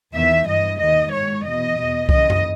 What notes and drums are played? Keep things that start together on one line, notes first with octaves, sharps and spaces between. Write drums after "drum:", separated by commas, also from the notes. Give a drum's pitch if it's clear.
E2 D#3 E5
G2 E3 D#5
D#2 D#3 D#5
G#2 D#3 C#5
E2 B2 D#5
E2 B2
D#2 C#3 E3 D#5, drum: kick C2
drum: tom F#2